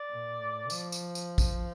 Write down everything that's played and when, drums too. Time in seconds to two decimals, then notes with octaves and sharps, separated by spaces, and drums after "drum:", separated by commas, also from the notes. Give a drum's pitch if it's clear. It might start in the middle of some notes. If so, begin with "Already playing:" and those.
Already playing: D5
0.09 A#2
0.40 A2
0.70 F3, drum: tambourine
0.92 drum: tambourine
1.15 drum: tambourine
1.38 drum: kick, tambourine